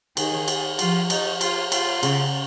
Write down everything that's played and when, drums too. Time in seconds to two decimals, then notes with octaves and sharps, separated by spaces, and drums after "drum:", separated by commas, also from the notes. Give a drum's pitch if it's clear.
0.17 D#3 G#4, drum: cymbal
0.48 drum: cymbal
0.79 F3 F4, drum: cymbal
1.10 D#4, drum: cymbal
1.41 F4, drum: cymbal
1.72 F4, drum: cymbal
2.03 C#3, drum: cymbal